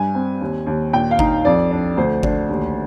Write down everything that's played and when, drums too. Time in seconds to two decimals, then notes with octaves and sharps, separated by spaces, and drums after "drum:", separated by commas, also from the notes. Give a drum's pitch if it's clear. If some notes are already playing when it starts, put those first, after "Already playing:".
Already playing: G2 G#5
0.15 C4
0.41 D#2
0.67 D#2
0.93 A#2 G5
1.11 F5
1.19 D#4, drum: kick G1
1.45 F2 D5
1.71 D4
1.97 D2 C5
2.23 D4, drum: kick G1
2.49 D#2